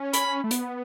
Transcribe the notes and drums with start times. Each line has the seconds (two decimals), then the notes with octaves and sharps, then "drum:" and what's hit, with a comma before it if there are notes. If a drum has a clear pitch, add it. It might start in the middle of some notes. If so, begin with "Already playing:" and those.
Already playing: C#4
0.13 B5, drum: hi-hat
0.44 A3
0.51 B3, drum: hi-hat